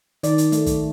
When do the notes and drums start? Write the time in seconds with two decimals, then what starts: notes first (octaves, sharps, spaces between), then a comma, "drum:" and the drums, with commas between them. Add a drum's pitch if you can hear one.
0.23 D#3 D5, drum: hi-hat
0.38 drum: hi-hat
0.52 A3, drum: hi-hat
0.66 drum: kick, hi-hat